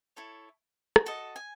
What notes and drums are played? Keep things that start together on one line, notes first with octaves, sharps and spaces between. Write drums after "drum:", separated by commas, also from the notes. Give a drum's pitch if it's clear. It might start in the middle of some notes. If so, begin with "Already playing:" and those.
E4 A4 C#5
drum: rim click
F#4 A4 D#5 A5
G#5